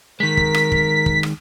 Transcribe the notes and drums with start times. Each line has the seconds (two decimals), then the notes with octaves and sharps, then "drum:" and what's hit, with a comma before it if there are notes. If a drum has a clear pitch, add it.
0.20 D#3 G#3 A#4 B6
0.37 drum: kick
0.54 drum: rim click
0.72 drum: kick
1.06 drum: kick
1.23 drum: rim click